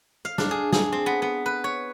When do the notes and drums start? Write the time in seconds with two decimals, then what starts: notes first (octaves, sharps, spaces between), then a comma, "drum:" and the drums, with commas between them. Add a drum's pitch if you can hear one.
0.25 F5
0.38 D4, drum: snare
0.51 G#4
0.72 G#4, drum: snare
0.92 C4
1.06 B3
1.22 B3
1.46 B4
1.64 C#5